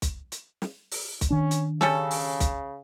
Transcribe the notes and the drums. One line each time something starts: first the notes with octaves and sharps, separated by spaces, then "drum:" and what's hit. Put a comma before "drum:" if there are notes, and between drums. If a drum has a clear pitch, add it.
drum: kick, hi-hat
drum: hi-hat
drum: snare
drum: open hi-hat
drum: kick, hi-hat
D#3 C#4 D4
drum: hi-hat
C#3 G3 C#4 A4, drum: snare
drum: open hi-hat
drum: kick, hi-hat